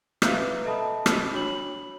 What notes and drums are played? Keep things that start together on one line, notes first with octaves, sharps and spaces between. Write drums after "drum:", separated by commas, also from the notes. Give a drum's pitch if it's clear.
B4 E5 F5 A#5 F#6 G6, drum: rim click
A4 D#5 E5 A5 B5 D#6
drum: rim click
D4 F#4 C#5 B5 F#7